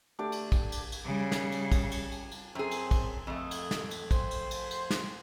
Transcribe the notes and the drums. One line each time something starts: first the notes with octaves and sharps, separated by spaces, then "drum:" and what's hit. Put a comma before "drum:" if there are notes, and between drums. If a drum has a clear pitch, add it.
A3 D4 G4 D5
drum: cymbal
drum: kick A#1, cymbal
drum: cymbal
drum: cymbal
C#3 G3
drum: snare
drum: cymbal
drum: kick A#1, cymbal
drum: cymbal
drum: cymbal
drum: cymbal
F#2 C4 G#4
drum: cymbal
drum: kick A#1, cymbal
F2 A3 D#5
drum: cymbal
drum: snare
drum: cymbal
C5, drum: kick A#1, cymbal
drum: cymbal
drum: cymbal
drum: cymbal
drum: snare